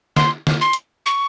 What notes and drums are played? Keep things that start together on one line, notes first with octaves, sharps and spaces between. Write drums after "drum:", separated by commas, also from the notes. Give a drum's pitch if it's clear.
C6, drum: snare
drum: snare
C6
drum: hi-hat
C#6